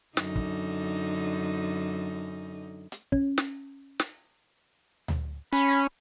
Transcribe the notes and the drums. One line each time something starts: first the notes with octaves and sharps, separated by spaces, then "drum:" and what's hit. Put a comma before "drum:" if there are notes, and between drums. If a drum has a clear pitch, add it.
F#2 D3 D#4, drum: snare
drum: kick
drum: hi-hat
C#4, drum: kick
drum: snare
drum: snare
drum: tom D2
C#4 B5